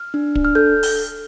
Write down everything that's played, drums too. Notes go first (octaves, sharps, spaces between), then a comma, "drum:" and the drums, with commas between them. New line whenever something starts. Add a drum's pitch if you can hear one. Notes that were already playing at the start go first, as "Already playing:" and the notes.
Already playing: F6
D4
D4, drum: kick
F6
A4 G6
drum: open hi-hat